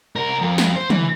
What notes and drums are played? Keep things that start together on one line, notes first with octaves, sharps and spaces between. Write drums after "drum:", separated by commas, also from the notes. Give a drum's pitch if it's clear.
C2 A#4
F2
drum: snare
C5
E3, drum: tom